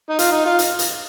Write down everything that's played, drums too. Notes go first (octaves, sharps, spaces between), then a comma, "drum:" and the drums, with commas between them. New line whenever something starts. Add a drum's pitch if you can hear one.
D#4
F4, drum: hi-hat
D#4
F4
drum: hi-hat
drum: hi-hat